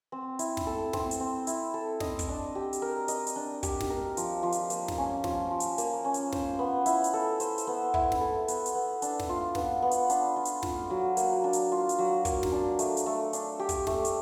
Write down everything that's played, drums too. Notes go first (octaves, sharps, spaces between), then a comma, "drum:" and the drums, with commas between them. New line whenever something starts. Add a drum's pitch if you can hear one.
C4
E4, drum: hi-hat
drum: snare
A4
C4, drum: snare
drum: hi-hat
C4
E4, drum: hi-hat
A4
D#5, drum: snare
drum: kick, hi-hat
D4
G4
drum: hi-hat
A#4
D#5, drum: hi-hat
drum: hi-hat
D4
G4, drum: kick, hi-hat
drum: snare
A#4
F3, drum: hi-hat
F3
drum: hi-hat
A#3, drum: hi-hat
drum: snare
C#4
F3, drum: snare
F3
drum: hi-hat
A#3, drum: hi-hat
C#4
drum: hi-hat
C5, drum: snare
B3
E4, drum: hi-hat
drum: hi-hat
A4
C5, drum: hi-hat
drum: hi-hat
B3
E4, drum: kick
drum: snare
A4
B3, drum: hi-hat
drum: hi-hat
B3
D4, drum: hi-hat
drum: snare
F4
B3, drum: snare
B3
drum: hi-hat
D4, drum: hi-hat
F4
drum: hi-hat
F4, drum: snare
F#3
A#3, drum: hi-hat
D4
drum: hi-hat
F4
drum: hi-hat
F#3
A#3, drum: kick, hi-hat
drum: snare
D4
A3, drum: hi-hat
drum: hi-hat
A3
D4, drum: hi-hat
G4
drum: kick, hi-hat
A3, drum: snare
drum: hi-hat